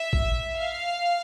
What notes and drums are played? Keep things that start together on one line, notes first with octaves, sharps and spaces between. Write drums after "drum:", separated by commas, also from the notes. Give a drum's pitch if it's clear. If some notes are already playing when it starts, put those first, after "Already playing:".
Already playing: E5
drum: kick A1
F5